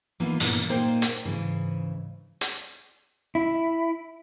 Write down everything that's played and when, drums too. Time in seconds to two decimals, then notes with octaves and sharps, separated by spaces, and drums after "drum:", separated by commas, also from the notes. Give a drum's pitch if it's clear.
0.20 E3 A#3 B3 D#4 F4
0.40 G2 A#2 E3 B3, drum: open hi-hat
0.69 A#2 A#3 D#4 C5 F5 G5
1.02 drum: hi-hat
1.25 G#2 C#3 E3
2.41 drum: hi-hat
3.35 E4